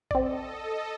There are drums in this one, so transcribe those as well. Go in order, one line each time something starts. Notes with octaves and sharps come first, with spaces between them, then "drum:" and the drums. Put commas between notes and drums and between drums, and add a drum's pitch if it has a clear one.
C4 A4 D5 D#5, drum: kick A1